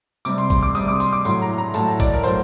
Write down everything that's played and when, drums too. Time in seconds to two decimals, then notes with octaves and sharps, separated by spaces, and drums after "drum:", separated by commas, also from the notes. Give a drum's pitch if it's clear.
0.25 C3 G3 D6, drum: tambourine
0.38 C6
0.50 C6, drum: kick A1, tambourine
0.63 D6
0.75 C3 G3 D#6, drum: tambourine
0.88 D6
1.00 C6, drum: tambourine
1.13 D6
1.25 A2 F#3 C6, drum: tambourine
1.42 A#5
1.58 A#5
1.74 A2 F#3 A5, drum: tambourine
2.00 D5, drum: kick A1, tambourine
2.14 A#4
2.24 A2 F#3 C5, drum: tambourine